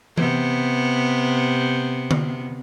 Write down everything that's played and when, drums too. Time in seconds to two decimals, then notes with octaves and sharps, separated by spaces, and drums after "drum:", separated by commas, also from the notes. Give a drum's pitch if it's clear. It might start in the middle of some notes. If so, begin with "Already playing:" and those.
0.18 C3 B3, drum: tom E3
2.11 drum: tom D3